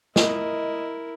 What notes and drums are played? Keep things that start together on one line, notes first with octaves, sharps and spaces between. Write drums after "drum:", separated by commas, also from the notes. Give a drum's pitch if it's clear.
E4 A#4 D#5, drum: snare